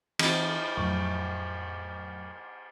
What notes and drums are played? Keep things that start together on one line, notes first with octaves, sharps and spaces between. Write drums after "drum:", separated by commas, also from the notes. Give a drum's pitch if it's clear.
E3 C4, drum: cymbal
F2 A2 F#3 A#4 C#6